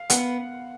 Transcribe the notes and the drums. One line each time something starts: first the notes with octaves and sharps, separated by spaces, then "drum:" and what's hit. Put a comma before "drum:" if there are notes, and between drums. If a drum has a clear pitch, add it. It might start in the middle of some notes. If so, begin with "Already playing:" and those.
Already playing: F5
B3 F#5, drum: hi-hat